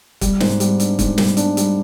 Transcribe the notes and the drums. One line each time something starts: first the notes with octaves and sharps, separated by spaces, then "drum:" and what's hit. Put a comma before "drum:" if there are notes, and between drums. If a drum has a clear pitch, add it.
G3, drum: kick, hi-hat
G#2, drum: snare
G3, drum: hi-hat
D4, drum: hi-hat
G#2, drum: kick, hi-hat
G3, drum: snare
D4, drum: hi-hat
G3, drum: hi-hat